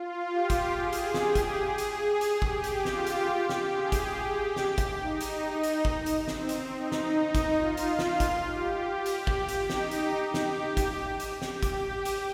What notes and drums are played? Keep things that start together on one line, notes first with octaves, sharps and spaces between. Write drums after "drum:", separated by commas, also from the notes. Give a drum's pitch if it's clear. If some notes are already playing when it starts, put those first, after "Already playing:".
Already playing: F4
G4
drum: kick, hi-hat
G#4
drum: hi-hat
G4, drum: snare
drum: kick, hi-hat
G#4
drum: hi-hat
G#4
drum: hi-hat
G4, drum: kick
drum: hi-hat
F4, drum: snare
drum: hi-hat
G4
drum: snare
G#4
drum: kick, hi-hat
G4
drum: snare
drum: kick, hi-hat
D#4
drum: hi-hat
drum: hi-hat
drum: kick
drum: hi-hat
C4, drum: snare
drum: hi-hat
D#4
drum: snare
D#4
drum: kick, hi-hat
F4
drum: hi-hat
drum: snare
drum: kick, hi-hat
G4
G4
drum: hi-hat
drum: kick
drum: hi-hat
D#4, drum: snare
drum: hi-hat
G4
drum: snare
drum: kick, hi-hat
drum: hi-hat
G4, drum: snare
drum: kick, hi-hat
drum: hi-hat